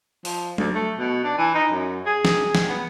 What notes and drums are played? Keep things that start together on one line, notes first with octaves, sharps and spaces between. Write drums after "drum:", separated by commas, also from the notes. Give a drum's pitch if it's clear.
F3, drum: open hi-hat
D2, drum: tom F#3
A3
B2
D4
E3
D#4
F#2
G#4
drum: snare
drum: snare
B3